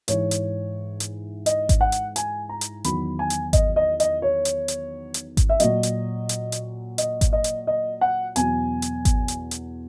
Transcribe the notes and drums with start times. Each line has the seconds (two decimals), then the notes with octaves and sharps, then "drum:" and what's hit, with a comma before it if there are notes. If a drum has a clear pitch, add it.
0.08 G#2 E3 C#5, drum: hi-hat
0.31 drum: hi-hat
1.00 drum: hi-hat
1.46 D#5, drum: hi-hat
1.69 drum: kick G#1, hi-hat
1.81 F#5
1.92 drum: hi-hat
2.16 G#5, drum: hi-hat
2.49 A#5
2.61 drum: hi-hat
2.84 E2 D#3 F#3 B5, drum: hi-hat
3.19 G#5
3.30 drum: hi-hat
3.53 D#5, drum: kick G#1, hi-hat
3.76 D#5
4.00 D#5, drum: hi-hat
4.22 C#5
4.45 drum: hi-hat
4.68 drum: hi-hat
5.14 drum: hi-hat
5.37 drum: kick G#1, hi-hat
5.49 E5
5.60 A#2 F#3 D#5, drum: hi-hat
5.83 drum: hi-hat
6.29 drum: hi-hat
6.52 drum: hi-hat
6.98 D#5, drum: hi-hat
7.21 drum: kick G#1, hi-hat
7.33 D#5
7.44 drum: hi-hat
7.67 D#5
8.01 F#5
8.36 E2 B2 F#3 G#5, drum: hi-hat
8.82 drum: hi-hat
9.05 drum: kick G#1, hi-hat
9.28 drum: hi-hat
9.51 drum: hi-hat